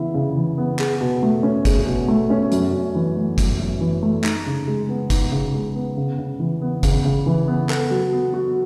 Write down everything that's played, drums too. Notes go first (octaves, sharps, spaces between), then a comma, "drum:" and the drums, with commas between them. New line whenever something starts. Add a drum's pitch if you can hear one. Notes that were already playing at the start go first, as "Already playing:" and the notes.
Already playing: C#3 E3 B3 E4
C#3
E3
B3
G#4, drum: clap
B2
A3
C#4
G#4, drum: kick, hi-hat
B2
A3
C#4
F#2, drum: hi-hat
F#2
E3
A3
F#2, drum: kick, hi-hat
F#2
E3
A3
D#4, drum: clap
C#3
G#3
B3
D#4, drum: kick, hi-hat
C#3
G#3
B3
C#3
C#3
E3
B3
C#3, drum: kick, hi-hat
C#3
E3
B3
A4, drum: clap
F#3
B3
F#4